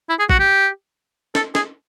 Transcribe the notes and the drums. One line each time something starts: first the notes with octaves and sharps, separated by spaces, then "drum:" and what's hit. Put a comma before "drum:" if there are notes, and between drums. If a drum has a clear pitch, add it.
E4
G#4
F#4, drum: kick
G4
A4, drum: snare
G#4, drum: snare